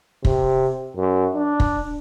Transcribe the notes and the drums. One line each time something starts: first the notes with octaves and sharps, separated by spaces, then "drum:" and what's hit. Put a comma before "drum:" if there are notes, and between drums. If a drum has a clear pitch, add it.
C3, drum: kick
F#2
D4
drum: kick